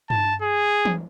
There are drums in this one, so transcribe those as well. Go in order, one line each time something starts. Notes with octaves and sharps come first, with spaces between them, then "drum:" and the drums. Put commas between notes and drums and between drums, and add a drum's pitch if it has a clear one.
A5, drum: tom G2
G#4
drum: tom E3